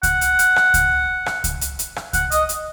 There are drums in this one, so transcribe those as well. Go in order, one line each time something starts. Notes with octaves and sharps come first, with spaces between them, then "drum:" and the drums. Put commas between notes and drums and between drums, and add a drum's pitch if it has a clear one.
F#5, drum: kick C#2, hi-hat
drum: hi-hat
drum: hi-hat
drum: rim click
drum: kick C#2, hi-hat
drum: rim click
drum: kick C#2, hi-hat
drum: hi-hat
drum: hi-hat
drum: rim click
F#5, drum: kick C#2, hi-hat
D#5, drum: hi-hat
drum: hi-hat